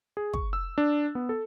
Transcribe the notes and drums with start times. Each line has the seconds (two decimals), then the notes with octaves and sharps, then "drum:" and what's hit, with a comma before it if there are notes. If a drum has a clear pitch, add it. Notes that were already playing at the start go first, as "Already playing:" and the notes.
0.17 G#4
0.34 C#6, drum: kick
0.53 E6
0.78 D4
1.15 B3
1.29 A4